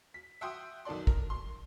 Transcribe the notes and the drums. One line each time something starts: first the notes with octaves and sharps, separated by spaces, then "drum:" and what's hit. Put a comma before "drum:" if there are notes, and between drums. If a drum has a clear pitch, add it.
B6
E5 F#5 G5 C6 D#6
B1 D#3 A4 D5 C6
A#4, drum: kick
C6